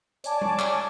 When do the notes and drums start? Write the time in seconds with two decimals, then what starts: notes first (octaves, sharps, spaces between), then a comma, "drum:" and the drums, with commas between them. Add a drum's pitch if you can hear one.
0.24 C#5 D5 G#5 A5 D6, drum: hi-hat
0.41 drum: tom G3
0.59 drum: clap